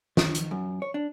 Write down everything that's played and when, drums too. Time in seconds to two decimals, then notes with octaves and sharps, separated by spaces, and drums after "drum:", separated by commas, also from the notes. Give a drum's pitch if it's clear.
0.17 D#3, drum: snare
0.35 drum: hi-hat
0.51 F#2
0.82 C#5
0.94 D4